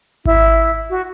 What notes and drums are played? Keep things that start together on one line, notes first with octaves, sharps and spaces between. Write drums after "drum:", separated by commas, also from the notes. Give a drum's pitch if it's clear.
E4, drum: kick G#1
F#4